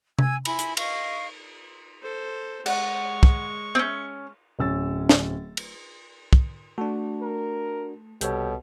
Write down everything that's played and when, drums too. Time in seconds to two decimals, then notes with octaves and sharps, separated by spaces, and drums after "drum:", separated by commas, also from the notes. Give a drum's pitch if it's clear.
0.19 G#5 E6 G#6, drum: tom C3
0.45 E4 G#5 B5, drum: cymbal
0.59 drum: hi-hat
0.77 D#5 F5 C#6, drum: cymbal
2.02 A4 C5
2.66 G#3 F#5 C#6, drum: cymbal
3.23 drum: kick
3.75 C4 C#4
4.59 D1 C#4 E6 A6
5.09 drum: snare
5.57 drum: cymbal
6.33 drum: kick
6.78 A3 D4 F#4
7.22 A#4
8.21 C2 B2 G4 A4 C#5, drum: hi-hat